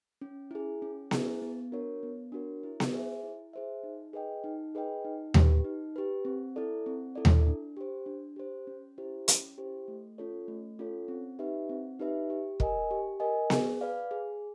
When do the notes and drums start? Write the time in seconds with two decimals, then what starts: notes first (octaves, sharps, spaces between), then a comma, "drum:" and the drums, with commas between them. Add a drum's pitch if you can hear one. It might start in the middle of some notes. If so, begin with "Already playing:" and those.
0.21 C#4
0.51 E4 G#4
0.82 C#4
1.11 E4 G#4, drum: snare B3
1.42 B3
1.72 D4 F#4 A#4 C#5
2.03 B3
2.32 D4 F#4 A#4 C#5
2.63 E4
2.80 drum: snare B3
2.93 G#4 C5 E5
3.23 E4
3.53 G#4 C5 E5
3.83 D#4
4.13 G#4 B4 D#5 G5
4.44 D#4
4.75 G#4 B4 D#5 G5
5.05 D#4
5.34 G4 B4, drum: tom D#2
5.64 D#4
5.96 G4 B4
6.25 C4
6.56 E4 A4 D5
6.86 C4
7.15 E4 A4 D5
7.25 drum: tom D#2
7.46 D4
7.77 G4 C5
8.06 D4
8.36 G4 C5
8.67 C#4
8.98 E4 G4 C5
9.28 C#4, drum: hi-hat
9.58 E4 G4 C5
9.88 A3
10.18 C#4 F4 A4 C#5
10.48 A3
10.79 C#4 F4 A4 C#5
11.08 C4
11.39 D#4 G4 B4 E5
11.69 C4
12.00 D#4 G4 B4 E5
12.30 G4
12.60 A#4 D#5 G#5, drum: kick
12.91 G4
13.20 A#4 D#5 G#5
13.50 G#4, drum: snare B3
13.81 B4 D5 F5
14.11 G#4